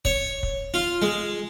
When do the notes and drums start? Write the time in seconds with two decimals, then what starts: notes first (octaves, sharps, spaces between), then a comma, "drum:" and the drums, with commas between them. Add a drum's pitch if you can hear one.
0.05 C#5, drum: kick
0.43 drum: kick
0.74 F4
1.02 G#3